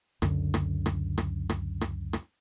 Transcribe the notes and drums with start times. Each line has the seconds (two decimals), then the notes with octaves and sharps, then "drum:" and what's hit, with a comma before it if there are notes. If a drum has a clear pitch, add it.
0.22 C#2 F#2 D3, drum: rim click
0.54 drum: rim click
0.86 drum: rim click
1.18 drum: rim click
1.49 drum: rim click
1.81 drum: rim click
2.13 drum: rim click